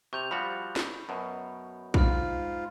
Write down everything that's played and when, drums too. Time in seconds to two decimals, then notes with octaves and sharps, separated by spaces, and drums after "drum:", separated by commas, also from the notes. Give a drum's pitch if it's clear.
0.13 C3 C#6 G6 F7
0.31 F3 G3 F#4 B5
0.76 drum: snare
1.09 F#2 B2
1.94 G#2 F4 B5 F6, drum: kick A#1